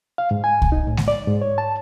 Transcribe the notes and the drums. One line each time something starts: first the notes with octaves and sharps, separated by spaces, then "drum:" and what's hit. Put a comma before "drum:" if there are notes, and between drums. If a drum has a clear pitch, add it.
F5
G#2
G#5
drum: kick C2
D#4
A2
drum: snare G#3
D5
G#2
C#5
A5